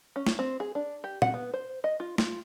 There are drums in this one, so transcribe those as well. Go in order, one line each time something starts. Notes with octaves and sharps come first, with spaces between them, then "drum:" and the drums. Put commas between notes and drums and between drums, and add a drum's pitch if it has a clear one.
C#4
drum: snare
C4
G#4
D4
G4
F#5, drum: tom A#2
B3
C5
D#5
F4
F4, drum: snare